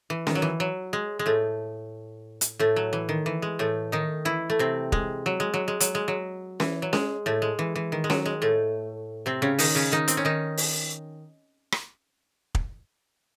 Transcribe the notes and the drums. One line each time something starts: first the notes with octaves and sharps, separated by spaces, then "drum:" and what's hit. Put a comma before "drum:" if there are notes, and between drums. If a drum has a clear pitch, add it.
E3
D#3, drum: snare C#4
F#3
E3
F#3
G#3
G#3
A2 A3
drum: hi-hat
A2 A3
F#3
E3
D#3
E3
G#3
A2 A3
D#3 D#4
E3 E4
A3
C3 C4
G#3, drum: kick
F#3
G#3
F#3
G#3
F#3, drum: hi-hat
G#3
F#3
E3, drum: snare C#4
F#3
G#3, drum: snare C#4
A2 A3
G#3
E3
E3
D#3
G#3
F#3, drum: snare C#4
G#3
A2 A3
C3 C4
C#3 C#4
D#3 D#4, drum: open hi-hat
C#3 C#4
D#3 D#4
C4, drum: hi-hat
C#4
D#3 D#4
drum: open hi-hat
drum: rim click
drum: kick